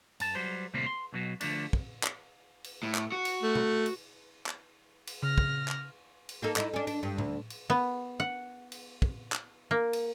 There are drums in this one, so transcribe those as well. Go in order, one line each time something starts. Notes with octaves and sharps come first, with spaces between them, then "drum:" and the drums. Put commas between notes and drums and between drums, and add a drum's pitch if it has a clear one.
F#2 A5, drum: cymbal
F#3 G3 C5
D#2 A2 C3 G3 A#3 C4
C6
B1 B2 F#3
D3 F3 A3 D4, drum: cymbal
drum: kick
drum: clap
drum: cymbal
A2
drum: clap
F#4
drum: cymbal
A3
drum: tom B2
drum: cymbal
drum: clap
drum: cymbal
C#3 F6 A#6
drum: kick
drum: clap
drum: cymbal
A#3 D#4 A4
D#4 E4, drum: clap
C#4 D4
D4, drum: cymbal
G2
D2, drum: tom A2
drum: cymbal
B3
F#5
drum: cymbal
drum: kick
drum: clap
A#3
drum: cymbal